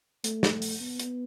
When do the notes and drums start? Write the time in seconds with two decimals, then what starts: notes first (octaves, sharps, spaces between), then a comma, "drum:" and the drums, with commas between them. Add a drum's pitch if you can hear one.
0.24 A3, drum: hi-hat
0.43 drum: snare
0.62 drum: open hi-hat
0.81 B3
1.00 drum: hi-hat